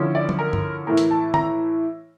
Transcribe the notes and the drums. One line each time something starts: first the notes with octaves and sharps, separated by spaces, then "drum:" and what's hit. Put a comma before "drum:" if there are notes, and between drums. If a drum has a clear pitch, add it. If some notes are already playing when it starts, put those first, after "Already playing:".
Already playing: D3 F3 C#4 E4
D5
drum: tom
A#4
drum: tom G2
A2 E3 A3 E4 A#4
drum: hi-hat
A5
A#5, drum: tom